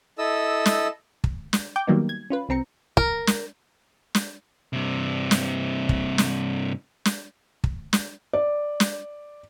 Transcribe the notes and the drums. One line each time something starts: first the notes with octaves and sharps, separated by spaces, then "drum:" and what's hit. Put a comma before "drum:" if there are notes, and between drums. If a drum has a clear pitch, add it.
E4 A4 D#5 E6
drum: snare
drum: kick
drum: snare
G5 D6 G6
D#3 F#3 G3 A#3 B3 D#4
G#6
C#4 F4 B4
C2 C4 A#5 C#7
A#4, drum: kick
drum: snare
drum: snare
G2 C3
drum: snare
drum: kick
drum: snare
drum: snare
drum: kick
drum: snare
D5
drum: snare